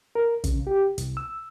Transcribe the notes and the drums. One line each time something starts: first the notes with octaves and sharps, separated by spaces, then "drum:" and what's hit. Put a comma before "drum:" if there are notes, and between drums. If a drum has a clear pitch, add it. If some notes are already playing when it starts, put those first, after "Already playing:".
A#4
C#3, drum: kick, hi-hat
G4
C2, drum: hi-hat
E6